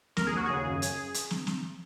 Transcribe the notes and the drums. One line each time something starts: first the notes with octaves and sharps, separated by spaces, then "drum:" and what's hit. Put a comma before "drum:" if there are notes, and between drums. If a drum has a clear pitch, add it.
D#2 A#4, drum: snare
G#4
D#2 F#4
C#3 G#4
F#2
drum: hi-hat
drum: hi-hat
drum: snare
drum: snare